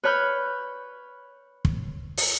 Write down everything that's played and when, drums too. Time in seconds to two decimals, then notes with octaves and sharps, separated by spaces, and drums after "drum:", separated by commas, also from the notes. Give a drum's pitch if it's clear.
0.03 B4 C#5 B5 F6 G6
1.65 drum: kick
2.17 drum: open hi-hat